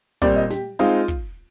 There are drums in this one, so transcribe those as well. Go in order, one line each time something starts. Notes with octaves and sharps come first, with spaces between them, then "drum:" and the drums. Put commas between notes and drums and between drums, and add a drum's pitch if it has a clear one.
A#2 G3 C4 D5, drum: kick, hi-hat
D#5
G4, drum: snare
G#3 C4 D#4 F4, drum: hi-hat
drum: kick, hi-hat